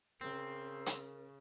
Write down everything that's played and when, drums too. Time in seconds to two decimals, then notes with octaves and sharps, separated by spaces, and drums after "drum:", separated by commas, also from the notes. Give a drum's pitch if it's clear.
0.21 C#3 C4 A#4
0.86 drum: hi-hat